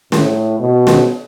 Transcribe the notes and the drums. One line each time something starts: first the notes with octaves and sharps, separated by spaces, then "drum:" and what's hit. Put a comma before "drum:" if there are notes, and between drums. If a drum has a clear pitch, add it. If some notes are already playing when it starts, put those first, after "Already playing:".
A2, drum: snare
B2
drum: snare